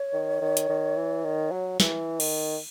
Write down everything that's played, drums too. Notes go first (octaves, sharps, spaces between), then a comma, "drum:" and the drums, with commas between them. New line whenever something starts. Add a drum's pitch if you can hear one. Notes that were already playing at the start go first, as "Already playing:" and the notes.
Already playing: C#5
D#3
D#3
drum: hi-hat
D#3
E3
D#3
F#3
E3, drum: snare
D#3, drum: cymbal